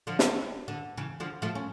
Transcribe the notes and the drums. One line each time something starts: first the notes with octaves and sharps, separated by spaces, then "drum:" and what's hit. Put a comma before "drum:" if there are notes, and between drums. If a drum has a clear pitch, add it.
D3 F3
drum: snare
D3
C#3 E3
D3 F3
F3 A3
C#4